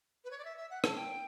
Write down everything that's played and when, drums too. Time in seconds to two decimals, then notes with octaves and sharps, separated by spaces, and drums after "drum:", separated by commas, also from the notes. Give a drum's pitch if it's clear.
0.24 B4
0.30 C#5
0.38 D5
0.44 E5
0.57 E5
0.70 F#5
0.84 A5, drum: rim click
0.96 G5